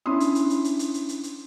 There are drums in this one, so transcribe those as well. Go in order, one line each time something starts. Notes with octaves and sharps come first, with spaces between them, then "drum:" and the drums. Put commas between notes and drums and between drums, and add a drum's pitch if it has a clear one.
C#4 D4 E4 C6 D#6
drum: hi-hat
drum: hi-hat
drum: hi-hat
drum: hi-hat
drum: hi-hat
drum: hi-hat
drum: hi-hat
drum: hi-hat